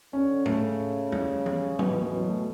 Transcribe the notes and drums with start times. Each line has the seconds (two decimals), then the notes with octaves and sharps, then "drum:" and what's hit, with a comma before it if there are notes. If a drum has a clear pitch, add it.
0.12 D3 C#4
0.46 C#3 A3, drum: tom
1.12 G3, drum: tom
1.46 drum: tom E3
1.79 B2 E3, drum: tom
1.91 E3
2.01 E3
2.13 F#3
2.29 A3